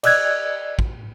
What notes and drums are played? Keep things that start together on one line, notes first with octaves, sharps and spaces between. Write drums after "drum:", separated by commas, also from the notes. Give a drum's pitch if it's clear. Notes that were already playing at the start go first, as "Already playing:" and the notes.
D5 D#5 E6 F#6 G#6, drum: cymbal
drum: kick